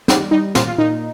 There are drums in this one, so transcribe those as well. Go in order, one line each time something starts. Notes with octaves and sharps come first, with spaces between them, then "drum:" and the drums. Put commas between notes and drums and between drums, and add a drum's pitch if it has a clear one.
G3 D#4, drum: snare
G3 D#4
A#2 F4, drum: snare
F4
A#2 D#4